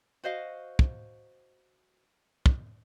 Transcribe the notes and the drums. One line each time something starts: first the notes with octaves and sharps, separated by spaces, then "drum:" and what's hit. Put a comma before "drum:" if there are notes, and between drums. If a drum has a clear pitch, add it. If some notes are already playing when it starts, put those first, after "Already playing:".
F#4 C5 D#5 F5
drum: kick
drum: kick